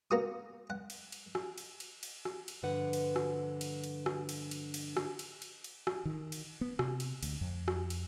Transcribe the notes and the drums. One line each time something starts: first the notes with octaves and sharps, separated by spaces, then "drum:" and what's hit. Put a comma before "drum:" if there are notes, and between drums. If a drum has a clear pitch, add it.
A#3 F#4 D#6
F#5
drum: cymbal
drum: cymbal
drum: rim click
drum: cymbal
drum: cymbal
drum: cymbal
drum: rim click
drum: cymbal
G2 D3 F3 B4 F#5
drum: cymbal
drum: rim click
drum: cymbal
drum: cymbal
drum: rim click
drum: cymbal
drum: cymbal
drum: cymbal
drum: rim click
drum: cymbal
drum: cymbal
drum: cymbal
drum: rim click
D#3
drum: cymbal
B3
C3, drum: rim click
drum: cymbal
D2, drum: cymbal
F2
drum: rim click
drum: cymbal